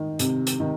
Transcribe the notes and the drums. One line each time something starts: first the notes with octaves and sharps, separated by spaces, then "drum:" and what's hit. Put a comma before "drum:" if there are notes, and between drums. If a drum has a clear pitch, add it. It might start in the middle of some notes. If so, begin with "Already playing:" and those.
Already playing: D#3
C3, drum: hi-hat
drum: hi-hat
D#3